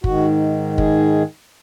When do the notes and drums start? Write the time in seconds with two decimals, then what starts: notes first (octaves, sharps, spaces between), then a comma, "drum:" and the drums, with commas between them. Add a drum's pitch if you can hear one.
0.04 G#2 D#3 F#4, drum: kick
0.78 G#4, drum: kick